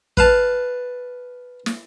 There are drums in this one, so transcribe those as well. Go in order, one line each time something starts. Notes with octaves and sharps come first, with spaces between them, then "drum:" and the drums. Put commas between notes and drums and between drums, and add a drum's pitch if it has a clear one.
B4 F5 A5, drum: kick
drum: snare